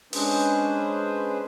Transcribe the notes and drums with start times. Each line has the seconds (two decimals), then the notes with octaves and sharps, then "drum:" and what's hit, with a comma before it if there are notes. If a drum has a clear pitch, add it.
0.13 G#3 C#4 D4 G#4 B4 C5, drum: open hi-hat